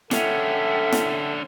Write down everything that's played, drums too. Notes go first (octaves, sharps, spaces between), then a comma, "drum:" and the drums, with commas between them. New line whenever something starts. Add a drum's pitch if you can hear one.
D3 C#4 A4 E5 F#5 G5, drum: snare
drum: snare